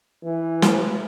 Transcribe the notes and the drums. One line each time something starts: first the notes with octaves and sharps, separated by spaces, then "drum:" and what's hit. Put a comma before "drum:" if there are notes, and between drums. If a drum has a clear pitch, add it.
E3
drum: snare